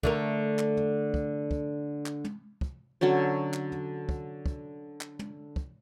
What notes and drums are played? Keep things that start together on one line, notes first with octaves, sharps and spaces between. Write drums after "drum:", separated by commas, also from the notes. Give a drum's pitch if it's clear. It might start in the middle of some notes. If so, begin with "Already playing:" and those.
D3 A3 A#4, drum: kick
drum: clap
drum: tom
drum: kick
drum: kick
drum: clap
drum: tom
drum: kick
D3 F#3 C#4 C#5
drum: clap
drum: tom
drum: kick
drum: kick
drum: clap
drum: tom
drum: kick